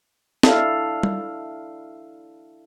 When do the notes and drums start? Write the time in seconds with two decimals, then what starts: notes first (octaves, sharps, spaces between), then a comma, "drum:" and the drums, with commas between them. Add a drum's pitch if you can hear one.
0.43 D4 E4 A4 F5, drum: snare
1.03 drum: tom G3